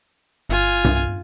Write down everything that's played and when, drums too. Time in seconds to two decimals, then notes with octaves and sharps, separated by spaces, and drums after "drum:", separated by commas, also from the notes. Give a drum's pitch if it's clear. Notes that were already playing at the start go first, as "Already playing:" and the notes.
0.50 G1 F4 G#5
0.84 C2, drum: tom G2